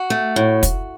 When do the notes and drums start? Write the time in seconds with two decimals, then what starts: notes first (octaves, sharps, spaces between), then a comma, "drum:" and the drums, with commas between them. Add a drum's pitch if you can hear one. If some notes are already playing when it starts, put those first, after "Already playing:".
Already playing: F#4
0.10 A3
0.36 A2
0.63 drum: kick, hi-hat